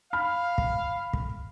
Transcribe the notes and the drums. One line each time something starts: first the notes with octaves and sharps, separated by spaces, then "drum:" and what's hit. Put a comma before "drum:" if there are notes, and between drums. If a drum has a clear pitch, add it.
F5 B5 F6
drum: kick
drum: kick